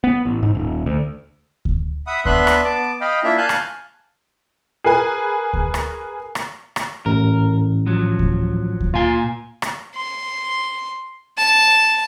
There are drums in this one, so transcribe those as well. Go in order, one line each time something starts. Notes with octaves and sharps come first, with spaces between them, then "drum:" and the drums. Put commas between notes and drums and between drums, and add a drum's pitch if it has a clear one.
B3
A1
G#2
D#1
D2
drum: kick D2
E5 F#5 B5 D#6
B3 D4 B4 E5 C6 F#6, drum: kick D2
drum: rim click
B3 A5 D6
D#5 F5 G5 B5
A#3 D4 E4 F4 E5
F5 G#5 A5 F#6 G6
drum: rim click
G#4 A#4 B4 G#5
drum: kick D2
drum: rim click
drum: rim click
drum: rim click
A1 A#4
F3 F#3
drum: kick D2
drum: kick D2
A#2 F4 G#5 C6
drum: rim click
C6
A5